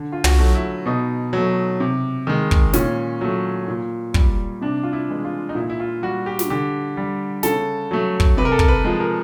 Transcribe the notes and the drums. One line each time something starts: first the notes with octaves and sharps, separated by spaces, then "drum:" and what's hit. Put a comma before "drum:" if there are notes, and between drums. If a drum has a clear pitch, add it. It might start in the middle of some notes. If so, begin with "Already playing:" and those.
Already playing: D3
F4
F#4, drum: tom
F#3 A3
E4
B2 D#4
F#3 A3
C3
D#3 G#3
drum: kick
A#2 C#4, drum: snare
F#3 A3
A#2
G3, drum: kick
C3 D4
F4
E4
E3 G#3
F4
D#4
A#2 E4
E4
F4
G3 F#4
G4
drum: snare
D3 G4
G3
C#3 A4, drum: snare
F#3 A3
drum: kick
C3 B4
A#4
A4
A#4, drum: kick
B4
F3 G#3
A#4